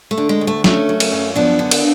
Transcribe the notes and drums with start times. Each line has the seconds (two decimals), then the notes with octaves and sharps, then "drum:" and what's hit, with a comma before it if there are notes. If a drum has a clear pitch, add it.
0.11 A3
0.18 D3
0.29 G#3
0.41 D2
0.47 A3
0.64 C#3 A3 C#4, drum: snare
0.89 F#3
1.00 drum: cymbal
1.12 F#2
1.36 F3 B3 D4
1.59 D3
1.71 drum: cymbal